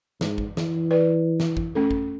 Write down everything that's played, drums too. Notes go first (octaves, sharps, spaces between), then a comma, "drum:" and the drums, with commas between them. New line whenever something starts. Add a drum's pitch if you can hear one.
G#2, drum: snare
drum: kick
E3, drum: snare
B4 D5
drum: snare
drum: kick
A3 C#4 A4
drum: kick